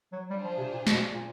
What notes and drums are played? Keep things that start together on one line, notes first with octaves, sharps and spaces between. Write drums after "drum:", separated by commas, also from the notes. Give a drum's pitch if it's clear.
F#3
G3 D4 F4 G#4 C5
F3
C3
A#2
B2, drum: snare
A#2